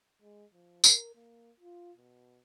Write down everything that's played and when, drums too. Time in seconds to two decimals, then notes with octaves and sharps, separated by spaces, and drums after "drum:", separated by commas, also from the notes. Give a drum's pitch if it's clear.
0.22 G#3
0.52 F3
0.84 A#4, drum: tambourine
1.15 A#3
1.60 F4
1.97 B2